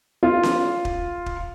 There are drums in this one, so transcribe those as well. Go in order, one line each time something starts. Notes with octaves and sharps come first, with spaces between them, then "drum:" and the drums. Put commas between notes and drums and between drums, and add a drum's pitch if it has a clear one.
F4
drum: snare C#4
drum: kick
drum: kick